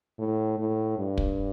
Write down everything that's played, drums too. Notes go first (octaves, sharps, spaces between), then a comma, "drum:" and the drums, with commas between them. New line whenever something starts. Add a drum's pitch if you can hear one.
A2
A2
G2
drum: kick